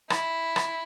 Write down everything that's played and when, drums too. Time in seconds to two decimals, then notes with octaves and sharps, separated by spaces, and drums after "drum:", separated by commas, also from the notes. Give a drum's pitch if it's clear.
0.10 E4, drum: rim click
0.56 drum: rim click